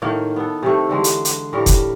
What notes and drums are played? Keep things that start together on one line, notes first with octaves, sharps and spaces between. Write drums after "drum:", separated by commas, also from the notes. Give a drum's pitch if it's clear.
A2 D#3 A#3
B3 A4
C3 D#3 A3
D3 E3 G#3
drum: hi-hat
drum: hi-hat
A2 G3 A#4
drum: kick, hi-hat